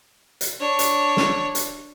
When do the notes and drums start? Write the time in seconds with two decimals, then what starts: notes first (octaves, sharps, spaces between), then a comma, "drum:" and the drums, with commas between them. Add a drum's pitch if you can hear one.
0.41 drum: hi-hat
0.60 D4 C#5
0.79 drum: hi-hat
1.17 drum: snare
1.55 drum: hi-hat